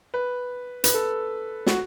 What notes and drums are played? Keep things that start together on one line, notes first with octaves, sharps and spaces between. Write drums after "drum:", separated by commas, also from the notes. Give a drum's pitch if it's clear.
B4
B4, drum: hi-hat
A4
F#4, drum: snare